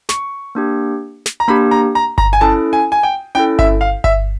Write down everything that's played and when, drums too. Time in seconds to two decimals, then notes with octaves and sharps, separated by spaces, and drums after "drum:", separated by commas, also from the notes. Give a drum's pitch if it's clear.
0.09 C#6, drum: snare
0.55 A#3 D4 G4
1.26 drum: snare
1.40 A#5
1.48 A#3 D4 G4 B5
1.71 A#5
1.95 A#5
2.18 A#5, drum: kick G1
2.33 G#5
2.41 C#4 E4 A4 A5
2.73 G#5
2.92 G#5
3.03 G5
3.35 C#4 E4 A4 G5
3.59 E5, drum: kick G1
3.81 F5
4.04 E5, drum: kick G1